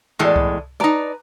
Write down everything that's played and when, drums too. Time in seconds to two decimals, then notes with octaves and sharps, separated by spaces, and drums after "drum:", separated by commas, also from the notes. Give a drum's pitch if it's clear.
0.19 E2 A2 G#3 A4 D5
0.36 drum: kick C2
0.80 D#4 B4 D5 A5 A#5